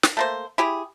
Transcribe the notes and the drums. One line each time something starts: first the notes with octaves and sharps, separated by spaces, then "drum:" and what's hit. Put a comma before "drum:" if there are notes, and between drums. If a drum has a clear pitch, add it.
drum: snare
A3 A#3 C5
E4 G4 G#4